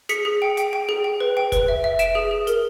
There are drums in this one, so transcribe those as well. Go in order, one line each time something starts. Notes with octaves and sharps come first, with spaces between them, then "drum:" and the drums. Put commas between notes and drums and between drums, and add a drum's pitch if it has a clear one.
G#4 B6 C#7, drum: hi-hat
G#4
G5
G5, drum: hi-hat
G5
G#4
G5
B4
G5
B4, drum: kick F1, hi-hat
E5
E5
E5 D7 E7, drum: hi-hat
G#4
G#4
A#4, drum: hi-hat